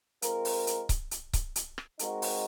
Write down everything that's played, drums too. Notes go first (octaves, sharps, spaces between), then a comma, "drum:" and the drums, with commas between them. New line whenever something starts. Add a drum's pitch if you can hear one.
G#3 C4 F4 A#4, drum: hi-hat
drum: open hi-hat
drum: hi-hat
drum: kick C#1, hi-hat
drum: hi-hat
drum: kick C#1, hi-hat
drum: hi-hat
drum: rim click
G#3 C4 D#4 F#4 A#4, drum: hi-hat
drum: open hi-hat